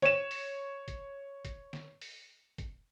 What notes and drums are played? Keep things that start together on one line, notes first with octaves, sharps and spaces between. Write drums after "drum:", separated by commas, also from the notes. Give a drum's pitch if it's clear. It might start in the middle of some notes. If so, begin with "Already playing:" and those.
C#5 E7, drum: snare
drum: open hi-hat
drum: kick, hi-hat
drum: kick, hi-hat
drum: snare
drum: open hi-hat
drum: kick, hi-hat